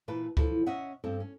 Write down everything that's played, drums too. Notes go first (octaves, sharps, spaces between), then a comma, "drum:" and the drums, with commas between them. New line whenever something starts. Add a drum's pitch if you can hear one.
A#2 E3 B4 A5
E3 F3 A4, drum: kick
C#4 D#5 E5 F#5
G2 C4 A4
C#4